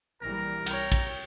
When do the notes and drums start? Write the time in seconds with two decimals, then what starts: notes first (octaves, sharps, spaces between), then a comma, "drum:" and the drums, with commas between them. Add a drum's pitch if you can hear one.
0.22 A#1 E3 G3 A#4 A#5
0.66 C2 C#5 G5 A#5, drum: cymbal
0.92 drum: kick A#1, cymbal